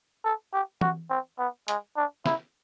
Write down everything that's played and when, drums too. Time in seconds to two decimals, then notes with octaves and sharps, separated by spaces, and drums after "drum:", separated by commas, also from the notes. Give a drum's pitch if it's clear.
0.25 A4
0.53 G4
0.81 F#4, drum: tom E3
1.10 C4
1.39 B3
1.68 G#3, drum: hi-hat
1.97 D4
2.26 E4, drum: snare